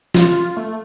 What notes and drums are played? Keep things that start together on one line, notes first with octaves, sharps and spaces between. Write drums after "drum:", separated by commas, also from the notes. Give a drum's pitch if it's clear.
F4, drum: snare
A3